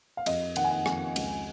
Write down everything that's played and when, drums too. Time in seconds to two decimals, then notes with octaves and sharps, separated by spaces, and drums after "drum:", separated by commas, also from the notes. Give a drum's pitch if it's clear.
0.17 F5
0.26 F2 D#5, drum: cymbal
0.56 D#3 F#5, drum: cymbal
0.64 G#5
0.71 F#5
0.86 F2 G#5, drum: rim click
1.16 C#2, drum: cymbal